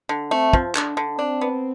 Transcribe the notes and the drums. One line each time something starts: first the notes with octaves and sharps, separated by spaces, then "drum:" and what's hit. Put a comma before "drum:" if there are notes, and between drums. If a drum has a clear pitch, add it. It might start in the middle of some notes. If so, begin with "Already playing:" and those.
D3
A3 C4
F3, drum: kick
D3 D4, drum: clap
D3
C4 D4
B3